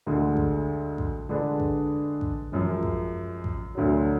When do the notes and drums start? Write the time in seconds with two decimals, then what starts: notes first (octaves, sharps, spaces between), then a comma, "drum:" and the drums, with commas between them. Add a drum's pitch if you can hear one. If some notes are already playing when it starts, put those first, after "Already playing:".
0.06 D2 D3 G#3
0.37 drum: kick A1
0.98 drum: kick A1
1.29 D3 G#3 D4 G#4 B4
1.60 drum: kick A1
2.21 drum: kick A1
2.52 F#2 F3 G#3
2.83 drum: kick A1
3.44 drum: kick A1
3.75 D2 D3 F#3